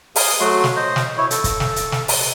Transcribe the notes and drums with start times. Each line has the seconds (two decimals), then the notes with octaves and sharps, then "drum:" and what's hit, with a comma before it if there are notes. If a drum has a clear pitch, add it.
0.16 G#4 F5 D#6, drum: open hi-hat
0.40 F#3 A3 F#4 C6
0.64 drum: snare
0.76 C5 D#5
0.96 drum: snare
1.18 E4 C#5
1.31 A4, drum: hi-hat
1.44 drum: kick, hi-hat
1.60 drum: snare
1.76 drum: hi-hat
1.92 drum: snare
2.08 drum: open hi-hat